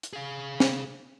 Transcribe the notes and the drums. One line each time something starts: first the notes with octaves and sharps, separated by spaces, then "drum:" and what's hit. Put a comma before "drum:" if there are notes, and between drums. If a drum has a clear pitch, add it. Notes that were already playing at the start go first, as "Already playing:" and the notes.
drum: hi-hat
G#4 F5
drum: snare